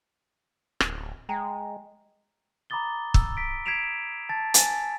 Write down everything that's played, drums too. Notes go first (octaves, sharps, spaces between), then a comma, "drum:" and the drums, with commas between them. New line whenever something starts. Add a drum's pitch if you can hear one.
D1, drum: rim click
G#3 G5 G#5 A#5
A#5 B5 D6 D#6 A6 G7
E6, drum: kick
B6 D7
G#6 B6 C7 D7 E7 F7
A5 A6
G#5 A6, drum: hi-hat